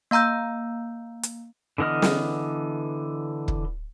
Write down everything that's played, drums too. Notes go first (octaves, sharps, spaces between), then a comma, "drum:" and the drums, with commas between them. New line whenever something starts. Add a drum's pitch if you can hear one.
A#3 F5 A#5 E6 G6
drum: hi-hat
D3 E3 B3 D#5 F6
drum: snare
drum: kick